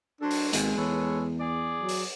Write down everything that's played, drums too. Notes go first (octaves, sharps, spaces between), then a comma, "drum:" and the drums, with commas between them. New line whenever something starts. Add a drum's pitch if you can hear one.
F#3 D4 A4 C5
drum: open hi-hat
G#1 D#2 B2 G#3, drum: hi-hat
E2 A4 B4 C#5
G#4 D5
F#3
drum: open hi-hat